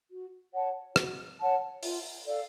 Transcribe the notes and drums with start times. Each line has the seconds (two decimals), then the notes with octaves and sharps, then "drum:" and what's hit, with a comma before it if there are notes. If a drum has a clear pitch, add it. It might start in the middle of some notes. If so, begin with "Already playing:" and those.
0.09 F#4
0.53 C#5 F#5 A5
0.96 F#4, drum: rim click
1.39 C#5 F#5 A5
1.83 F4, drum: open hi-hat
2.26 A4 D5 F5